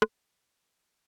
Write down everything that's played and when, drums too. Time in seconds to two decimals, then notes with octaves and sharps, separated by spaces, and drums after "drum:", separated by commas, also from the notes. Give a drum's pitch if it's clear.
0.02 D#4 F#4 C5 F#5, drum: rim click
0.23 A#3 G4 B4 D#5 G5 D6